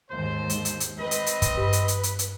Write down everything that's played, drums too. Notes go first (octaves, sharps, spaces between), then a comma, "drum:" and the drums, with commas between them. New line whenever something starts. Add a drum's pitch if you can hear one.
D#2 G#2 C5
drum: hi-hat
drum: hi-hat
drum: hi-hat
C4 B4 D#5
drum: hi-hat
drum: hi-hat
drum: kick, hi-hat
G2 G4 B4
drum: hi-hat
drum: hi-hat
drum: hi-hat
drum: hi-hat